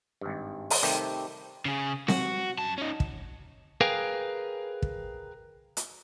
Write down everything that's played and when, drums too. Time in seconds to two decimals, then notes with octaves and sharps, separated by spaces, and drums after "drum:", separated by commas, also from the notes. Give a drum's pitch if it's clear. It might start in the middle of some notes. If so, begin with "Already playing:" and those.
0.21 G#1 G2
0.70 drum: open hi-hat
0.83 C3 D#3 G3 A3 C4 G4
1.65 C#3 G#4
2.08 F#4, drum: snare C4
2.58 F#2 A5
2.78 C#4 D#4
3.00 drum: kick
3.81 G#4 A#4 B4 F5 G5 G#5
4.82 drum: kick
5.77 drum: hi-hat